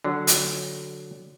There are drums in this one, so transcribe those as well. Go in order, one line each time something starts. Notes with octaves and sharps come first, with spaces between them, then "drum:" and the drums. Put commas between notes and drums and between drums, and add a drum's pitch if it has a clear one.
D3 F#3
drum: hi-hat